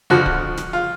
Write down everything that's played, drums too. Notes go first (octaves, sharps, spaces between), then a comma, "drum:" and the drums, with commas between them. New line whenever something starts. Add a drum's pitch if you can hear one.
F2 D3 F3 F#4
drum: kick D1
drum: snare
F4